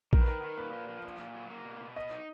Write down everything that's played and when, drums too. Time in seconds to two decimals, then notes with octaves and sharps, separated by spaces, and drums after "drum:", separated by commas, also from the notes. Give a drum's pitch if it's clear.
0.13 D#3 A#4, drum: kick A#1
0.20 B4
0.27 D#3 A#4
0.43 D#3
0.58 A#2 B4
0.73 F3
0.88 F3
1.04 A#2
1.19 A#2
1.35 F#3
1.50 A#3
1.65 B2
1.81 B2
1.96 B3 D#5
2.11 D#4